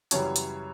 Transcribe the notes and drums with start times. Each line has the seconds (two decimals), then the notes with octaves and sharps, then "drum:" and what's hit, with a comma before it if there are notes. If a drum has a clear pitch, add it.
0.11 F#2 C#3 E3 G3 C#5, drum: hi-hat
0.36 drum: hi-hat